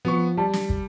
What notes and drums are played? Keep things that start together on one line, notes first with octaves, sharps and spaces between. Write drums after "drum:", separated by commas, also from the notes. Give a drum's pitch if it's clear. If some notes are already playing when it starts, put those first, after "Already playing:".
F3 B3 C#6
G3 A5
drum: snare
drum: kick